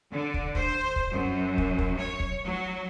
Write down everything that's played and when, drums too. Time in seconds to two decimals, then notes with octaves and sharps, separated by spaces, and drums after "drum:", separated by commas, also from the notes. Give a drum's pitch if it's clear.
0.11 D3
0.34 drum: kick
0.55 C5, drum: kick
0.96 drum: kick
1.12 F#2
1.58 drum: kick
1.78 drum: kick
1.99 C#5
2.20 drum: kick
2.44 F#3